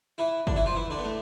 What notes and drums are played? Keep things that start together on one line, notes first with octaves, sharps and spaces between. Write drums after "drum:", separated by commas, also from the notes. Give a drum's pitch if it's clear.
E3 E4
D3 D4, drum: kick
E3 E4
F3 F4
E3 E4
D3 D4
B3
A2 A3